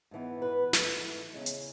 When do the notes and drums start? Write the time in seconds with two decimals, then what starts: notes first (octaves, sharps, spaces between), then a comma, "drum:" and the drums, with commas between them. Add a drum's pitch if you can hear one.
0.11 G#2 E3 B3
0.42 B4
0.73 G#2 E3 A3, drum: snare
1.33 E2 C#3 G#3
1.46 drum: hi-hat